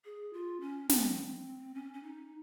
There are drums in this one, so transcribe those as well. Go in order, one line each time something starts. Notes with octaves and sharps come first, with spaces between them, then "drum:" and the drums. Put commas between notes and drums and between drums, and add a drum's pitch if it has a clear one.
G#4
F4
C#4
C4, drum: snare
C#4
C#4
D#4